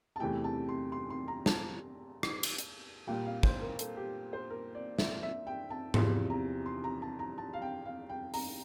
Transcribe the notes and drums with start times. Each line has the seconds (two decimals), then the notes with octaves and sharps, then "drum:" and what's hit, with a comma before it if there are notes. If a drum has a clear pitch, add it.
0.16 A5
0.20 E2 C3 E3 A3 G5
0.44 A5
0.69 C6
0.92 C6
1.10 C6
1.28 A#5
1.46 A5, drum: snare
2.23 drum: rim click
2.43 drum: cymbal
2.58 drum: hi-hat
3.07 A#2 G3 A#3 G5
3.25 F5
3.43 C5, drum: kick
3.61 A#4
3.79 A4, drum: hi-hat
3.97 G4
4.33 C5
4.50 A#4
4.75 D5
4.99 E5, drum: snare
5.23 E5
5.47 G5
5.70 A5
5.94 E2 C3 F3 C6, drum: tom G#2
6.30 A#5
6.66 C6
6.84 A#5
7.02 A5
7.19 A#5
7.38 A5
7.53 F5
7.62 G5
7.85 F5
8.09 G5
8.34 A#5, drum: open hi-hat